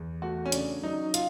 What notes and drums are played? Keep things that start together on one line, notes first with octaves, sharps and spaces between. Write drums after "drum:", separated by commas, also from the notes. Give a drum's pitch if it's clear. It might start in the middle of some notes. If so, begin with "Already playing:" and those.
Already playing: E2
A3 F#4
C#4
C#3 D4, drum: hi-hat
F#3 D#4
F4, drum: hi-hat